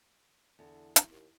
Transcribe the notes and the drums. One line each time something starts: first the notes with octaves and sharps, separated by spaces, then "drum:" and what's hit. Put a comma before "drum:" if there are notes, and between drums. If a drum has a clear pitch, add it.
E2 D3
drum: hi-hat
D#2